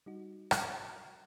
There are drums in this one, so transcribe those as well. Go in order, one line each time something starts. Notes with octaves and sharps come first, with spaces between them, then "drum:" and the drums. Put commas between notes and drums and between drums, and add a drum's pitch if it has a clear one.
G3 D#4 F#4
drum: rim click